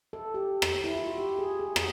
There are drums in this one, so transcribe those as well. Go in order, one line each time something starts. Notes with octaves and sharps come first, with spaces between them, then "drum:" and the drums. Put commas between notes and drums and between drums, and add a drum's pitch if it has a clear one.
A4
G4
drum: rim click
E4
F4
F#4
G4
G#4
G#4
F#4, drum: rim click